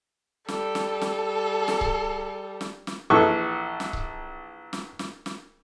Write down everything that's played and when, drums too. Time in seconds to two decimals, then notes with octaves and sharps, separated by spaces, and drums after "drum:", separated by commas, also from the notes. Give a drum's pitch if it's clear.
0.48 G3 A4, drum: snare
0.75 drum: snare
1.01 drum: snare
1.68 drum: snare
1.81 drum: kick C#1
2.61 drum: snare
2.87 drum: snare
3.10 A#1 E3 A4 C#6
3.80 drum: snare
3.93 drum: kick C#1
4.73 drum: snare
4.99 drum: snare
5.26 drum: snare